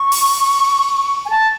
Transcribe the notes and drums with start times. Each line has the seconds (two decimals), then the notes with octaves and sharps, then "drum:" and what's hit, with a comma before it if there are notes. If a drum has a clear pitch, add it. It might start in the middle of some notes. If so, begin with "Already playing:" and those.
Already playing: C#6
0.12 drum: open hi-hat
1.26 G#5
1.30 A5